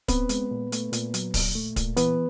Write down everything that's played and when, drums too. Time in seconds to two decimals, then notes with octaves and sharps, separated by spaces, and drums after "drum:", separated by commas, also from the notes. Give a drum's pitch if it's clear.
0.08 B3 C4 B4, drum: kick, hi-hat
0.29 G#3, drum: hi-hat
0.51 A#2
0.72 A3, drum: hi-hat
0.93 A#2, drum: hi-hat
1.14 F#3, drum: hi-hat
1.34 A#2, drum: kick, open hi-hat
1.55 A3
1.76 A#2, drum: kick, hi-hat
1.97 E3 B3 B4, drum: hi-hat